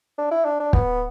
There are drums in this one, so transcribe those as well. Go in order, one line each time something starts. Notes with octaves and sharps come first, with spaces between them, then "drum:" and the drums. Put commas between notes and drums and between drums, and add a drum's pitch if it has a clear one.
D4
E4
D4
D4
B3, drum: kick